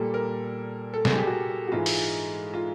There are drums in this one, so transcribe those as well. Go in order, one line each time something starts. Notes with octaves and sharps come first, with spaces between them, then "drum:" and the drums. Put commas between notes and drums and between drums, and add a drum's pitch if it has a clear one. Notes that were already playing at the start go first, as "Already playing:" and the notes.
Already playing: A#2 G3 A#3 A4
A#4
A4
G#4, drum: snare
G4
F#4
F#4
G#2 E3 G#3 F4
drum: open hi-hat
F4